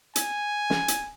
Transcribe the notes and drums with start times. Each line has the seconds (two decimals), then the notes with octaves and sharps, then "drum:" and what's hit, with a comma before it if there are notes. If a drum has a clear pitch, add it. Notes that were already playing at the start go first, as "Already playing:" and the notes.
0.16 G#5, drum: hi-hat
0.70 drum: snare
0.88 drum: hi-hat